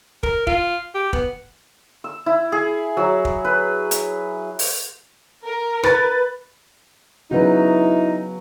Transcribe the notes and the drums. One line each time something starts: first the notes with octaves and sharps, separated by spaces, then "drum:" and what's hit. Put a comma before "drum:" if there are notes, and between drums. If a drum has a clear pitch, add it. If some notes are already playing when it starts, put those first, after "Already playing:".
A#4, drum: kick
F4, drum: kick
G4
B3, drum: kick
E6
E4
G#4
F#3
drum: kick
B4
drum: hi-hat
drum: open hi-hat
A#4
B4 A6, drum: rim click
C#3 F#3 B3 D#4 E4 F#4 B4